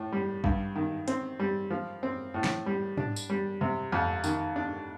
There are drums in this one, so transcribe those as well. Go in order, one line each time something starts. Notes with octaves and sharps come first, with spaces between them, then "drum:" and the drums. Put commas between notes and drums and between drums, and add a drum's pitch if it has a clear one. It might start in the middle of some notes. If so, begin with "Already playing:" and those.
Already playing: A2
G3
G2, drum: kick
D#3
C4, drum: hi-hat
G3
F3
C4
A2
drum: snare
G3
D4, drum: tom G#2
drum: tambourine
G3
C3
F2
D#3, drum: tambourine
D4